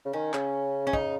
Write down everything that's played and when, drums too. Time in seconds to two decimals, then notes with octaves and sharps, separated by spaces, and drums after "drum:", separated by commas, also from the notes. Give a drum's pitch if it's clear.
0.05 C#3
0.13 D#3 C#4
0.34 C#3, drum: clap
0.87 C#4
0.93 D#4, drum: kick